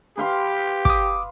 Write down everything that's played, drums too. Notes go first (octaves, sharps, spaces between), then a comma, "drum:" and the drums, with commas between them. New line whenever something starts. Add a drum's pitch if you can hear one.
G4 B4 F5 C6
D6 D#6, drum: kick